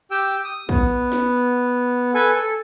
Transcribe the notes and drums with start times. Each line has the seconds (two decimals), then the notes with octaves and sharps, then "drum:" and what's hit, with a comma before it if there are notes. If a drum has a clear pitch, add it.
0.11 G4 G5 E6
0.44 D#6
0.69 B3, drum: kick
1.12 drum: snare
2.14 A4 B4 G#5
2.35 A4